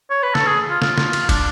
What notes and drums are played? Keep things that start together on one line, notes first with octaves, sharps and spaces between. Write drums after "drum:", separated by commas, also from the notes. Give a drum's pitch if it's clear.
C#5
B4
A4, drum: snare
G#4
F4
F4, drum: snare
drum: snare
drum: cymbal
D4, drum: kick, cymbal